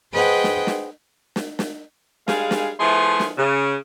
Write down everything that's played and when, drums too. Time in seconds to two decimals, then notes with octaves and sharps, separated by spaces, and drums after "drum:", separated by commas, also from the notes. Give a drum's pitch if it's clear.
0.13 G#4 B4 C5 D#5 F#5 G5
0.44 drum: snare
0.67 drum: snare
1.36 drum: snare
1.59 drum: snare
2.28 G3 G#3 G#4 F5, drum: snare
2.51 drum: snare
2.80 F3 A3 B3 E4 G#4 C6
3.20 drum: snare
3.38 C#3